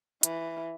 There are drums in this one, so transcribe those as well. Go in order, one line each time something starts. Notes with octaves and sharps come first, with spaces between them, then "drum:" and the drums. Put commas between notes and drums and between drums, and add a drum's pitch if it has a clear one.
E3, drum: hi-hat